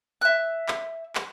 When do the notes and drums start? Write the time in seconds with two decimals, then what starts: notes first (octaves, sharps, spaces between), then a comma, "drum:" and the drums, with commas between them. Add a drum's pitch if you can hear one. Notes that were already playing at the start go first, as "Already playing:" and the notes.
0.21 E5 F#6
0.68 drum: clap
1.15 drum: clap